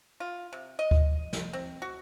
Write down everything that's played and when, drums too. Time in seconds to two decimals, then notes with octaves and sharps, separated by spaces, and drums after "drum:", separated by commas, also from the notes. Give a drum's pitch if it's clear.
0.20 F4
0.53 C3
0.79 D#5
0.91 drum: kick D2
1.33 drum: snare
1.53 C4
1.82 F#4